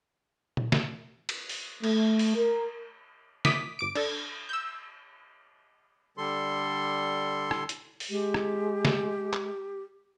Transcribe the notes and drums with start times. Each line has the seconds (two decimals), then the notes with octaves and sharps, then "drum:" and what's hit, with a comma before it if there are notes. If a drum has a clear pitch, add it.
0.57 drum: tom A#2
0.72 drum: snare
1.29 drum: cymbal
1.49 drum: open hi-hat
1.84 A3, drum: cymbal
2.19 drum: open hi-hat
2.36 A#4
3.45 D6 D#6 B6, drum: snare
3.79 G1 D6 D7
3.95 D4 A4, drum: cymbal
4.49 E6 G6
6.18 D3 G3 A4 C6
7.51 drum: rim click
7.69 drum: hi-hat
8.00 drum: open hi-hat
8.10 G#3 G4
8.34 drum: rim click
8.85 drum: snare
9.33 drum: clap